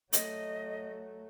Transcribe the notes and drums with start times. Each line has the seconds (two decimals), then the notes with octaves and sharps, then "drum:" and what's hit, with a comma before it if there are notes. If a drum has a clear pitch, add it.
0.13 F#3 A3 D#5, drum: hi-hat